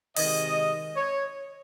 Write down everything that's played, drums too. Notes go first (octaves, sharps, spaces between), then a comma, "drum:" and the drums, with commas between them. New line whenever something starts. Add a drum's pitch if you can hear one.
C3 D#3 G#3 D#5, drum: open hi-hat
C#5